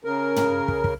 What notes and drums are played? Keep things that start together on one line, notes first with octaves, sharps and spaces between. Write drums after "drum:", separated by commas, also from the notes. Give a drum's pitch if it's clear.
C#3 A#4
drum: tom
drum: kick
drum: kick